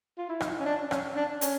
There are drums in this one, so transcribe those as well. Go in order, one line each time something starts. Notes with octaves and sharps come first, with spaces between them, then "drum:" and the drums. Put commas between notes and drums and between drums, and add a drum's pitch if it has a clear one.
F4
E4
D#4, drum: rim click
C#4
D4
C#4, drum: rim click
D4
C#4, drum: hi-hat